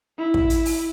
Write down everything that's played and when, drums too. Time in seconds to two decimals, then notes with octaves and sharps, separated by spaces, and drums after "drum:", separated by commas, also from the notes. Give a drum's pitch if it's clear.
0.18 E4
0.34 drum: kick
0.50 drum: hi-hat
0.65 drum: open hi-hat